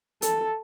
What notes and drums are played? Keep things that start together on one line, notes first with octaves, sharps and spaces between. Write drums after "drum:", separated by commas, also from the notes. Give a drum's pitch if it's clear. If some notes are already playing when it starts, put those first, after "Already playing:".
A4, drum: hi-hat